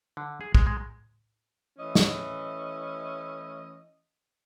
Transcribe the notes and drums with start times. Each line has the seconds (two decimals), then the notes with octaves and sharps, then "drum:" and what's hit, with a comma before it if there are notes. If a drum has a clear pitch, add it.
0.17 D3
0.41 G#4
0.55 G#3, drum: kick
0.67 G#3
1.79 E3 A3 C#4 D#5 E5
1.95 drum: snare